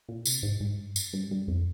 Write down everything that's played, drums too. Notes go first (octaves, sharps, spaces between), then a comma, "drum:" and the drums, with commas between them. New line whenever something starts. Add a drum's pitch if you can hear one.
A#2
C3, drum: tambourine
G#2
G#2
G2
drum: tambourine
G2
G2
F2